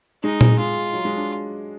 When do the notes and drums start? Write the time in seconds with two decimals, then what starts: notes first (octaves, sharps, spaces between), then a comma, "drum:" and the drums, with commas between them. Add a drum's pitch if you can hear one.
0.23 G#3 D#4
0.41 G#3, drum: tom A#2
0.58 G#3 F4
0.93 F#3
1.05 G#3
1.17 D4